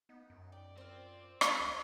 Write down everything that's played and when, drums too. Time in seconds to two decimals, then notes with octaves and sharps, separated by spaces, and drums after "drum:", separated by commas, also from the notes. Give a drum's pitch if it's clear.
0.09 B3 D#4
0.30 F#2
0.52 D5 G5
0.78 C4 F4 C5
1.41 D#3 A#4, drum: rim click
1.60 C#2 D#5